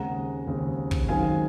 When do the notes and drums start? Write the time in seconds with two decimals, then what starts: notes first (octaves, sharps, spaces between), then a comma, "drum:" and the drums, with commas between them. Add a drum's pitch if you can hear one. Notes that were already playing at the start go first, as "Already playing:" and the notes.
Already playing: D#2 C#3 G#3 C4 F#5 A#5
0.47 D#2 C#3 G#3 C4
0.91 drum: kick
1.08 F#2 D#3 G#3 C4 F5 G#5